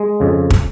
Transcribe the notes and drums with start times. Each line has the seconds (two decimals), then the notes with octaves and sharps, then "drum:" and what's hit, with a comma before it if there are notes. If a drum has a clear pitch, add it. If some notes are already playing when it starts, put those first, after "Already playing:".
Already playing: G#3
0.20 F2 C#3
0.50 drum: kick